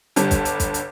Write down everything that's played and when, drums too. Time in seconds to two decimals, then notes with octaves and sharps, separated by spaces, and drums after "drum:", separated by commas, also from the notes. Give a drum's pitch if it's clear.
0.16 G1 D3 G3 A5, drum: hi-hat
0.31 drum: kick, hi-hat
0.45 drum: hi-hat
0.60 drum: kick, hi-hat
0.74 drum: hi-hat